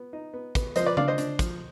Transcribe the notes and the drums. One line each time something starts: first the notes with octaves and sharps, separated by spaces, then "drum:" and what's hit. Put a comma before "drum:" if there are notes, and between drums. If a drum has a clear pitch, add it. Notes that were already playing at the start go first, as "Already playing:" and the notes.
Already playing: B3
D#4
B3
B3, drum: kick, hi-hat
F3 C5 D#5, drum: hi-hat
B4 D5
D4 D5 F5, drum: tom C#3
C5 D#5
D4, drum: hi-hat
F3, drum: kick, hi-hat